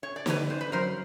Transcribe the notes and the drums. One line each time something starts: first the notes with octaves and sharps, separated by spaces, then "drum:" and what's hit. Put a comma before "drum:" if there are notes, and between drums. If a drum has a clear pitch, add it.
C#4 C#5
D5
D3 B4 C#5, drum: snare
C#4 C5
B4
F#3 A#4 C5